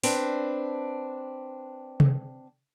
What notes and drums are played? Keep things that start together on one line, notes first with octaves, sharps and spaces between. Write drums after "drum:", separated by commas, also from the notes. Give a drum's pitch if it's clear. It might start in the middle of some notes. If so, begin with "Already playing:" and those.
C4 D4 B4, drum: open hi-hat
drum: tom C3